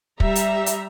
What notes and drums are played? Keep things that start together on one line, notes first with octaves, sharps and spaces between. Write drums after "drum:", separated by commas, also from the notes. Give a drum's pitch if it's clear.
G3 E5 A#5, drum: kick
drum: hi-hat
drum: hi-hat